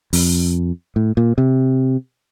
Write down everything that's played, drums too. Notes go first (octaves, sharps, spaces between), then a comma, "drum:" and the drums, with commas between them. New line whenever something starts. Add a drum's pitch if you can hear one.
F2, drum: open hi-hat
A2
A#2
C3